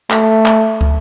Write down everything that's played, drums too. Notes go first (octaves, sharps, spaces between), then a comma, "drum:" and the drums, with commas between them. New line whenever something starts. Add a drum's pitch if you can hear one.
A3, drum: clap
drum: clap
drum: kick